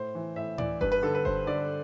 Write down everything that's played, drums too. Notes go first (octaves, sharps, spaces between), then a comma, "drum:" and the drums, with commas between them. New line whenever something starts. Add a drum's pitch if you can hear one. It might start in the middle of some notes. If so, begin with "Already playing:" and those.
Already playing: A2 C5
E3
A2 E5
E3 D5, drum: tom A2
G2 B4, drum: kick F#1
B4
D3 A4
B4
G2 C5, drum: kick F#1
D3 D5